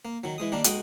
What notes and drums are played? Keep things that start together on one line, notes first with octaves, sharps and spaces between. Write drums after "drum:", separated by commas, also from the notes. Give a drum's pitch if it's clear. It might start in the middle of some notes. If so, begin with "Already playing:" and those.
A#3
D#3 F#3
E3 G#3 D#6
D#3 G3 A#3 D4
B1 G#3 F#4 G5 D#6, drum: hi-hat